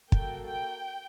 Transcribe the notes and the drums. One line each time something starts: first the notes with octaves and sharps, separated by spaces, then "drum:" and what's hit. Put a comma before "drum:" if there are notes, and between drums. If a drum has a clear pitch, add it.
A#3 F#4 A4 G5, drum: kick
G5